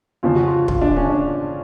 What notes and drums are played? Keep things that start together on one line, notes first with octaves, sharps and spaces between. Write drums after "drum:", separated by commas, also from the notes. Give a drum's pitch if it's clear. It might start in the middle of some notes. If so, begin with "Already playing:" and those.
F2 C#3 F3 F4
F#4
F4
F4, drum: kick
D4
C#4
D4